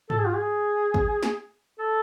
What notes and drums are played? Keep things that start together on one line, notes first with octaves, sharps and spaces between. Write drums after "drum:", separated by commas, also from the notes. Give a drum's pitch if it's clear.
A4, drum: tom G#2
G#4
F4
G#4
drum: kick
drum: snare
A4